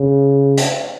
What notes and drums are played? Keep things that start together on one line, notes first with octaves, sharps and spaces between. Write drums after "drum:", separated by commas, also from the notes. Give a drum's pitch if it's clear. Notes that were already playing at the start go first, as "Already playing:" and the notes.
Already playing: C#3
drum: hi-hat